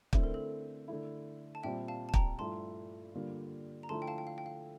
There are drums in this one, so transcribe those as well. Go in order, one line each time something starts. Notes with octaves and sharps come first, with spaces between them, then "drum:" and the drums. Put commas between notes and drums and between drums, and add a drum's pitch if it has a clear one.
D3 A3 C4 E4 A4, drum: kick
A#4
A4
D3 A3 E4
A5
A#2 G3 C4 E5 G5
F5 A5
A5
G5 A#5, drum: kick
G2 F3 A3 E4 A5 C6
D3 G3 A#3 D4 F4
A#5
D3 F3 A3 E4 A5 C6
G5
F5 A5
G5
F5
G5
F5